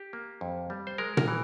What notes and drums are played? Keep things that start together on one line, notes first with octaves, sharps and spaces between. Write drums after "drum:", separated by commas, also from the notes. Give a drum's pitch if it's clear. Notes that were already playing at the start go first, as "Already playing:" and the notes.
Already playing: G4
A#3
F2
G3
C5
G#3 A#4
A#4, drum: tom A#2
E3